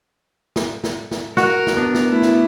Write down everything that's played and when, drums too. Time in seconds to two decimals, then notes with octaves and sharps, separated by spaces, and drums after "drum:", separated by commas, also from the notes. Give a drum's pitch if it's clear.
0.56 drum: snare
0.84 drum: snare
1.11 drum: snare
1.37 F#4 A#4, drum: snare
1.67 drum: snare
1.77 B3 D4
1.94 drum: snare
2.08 A3 E4
2.22 drum: snare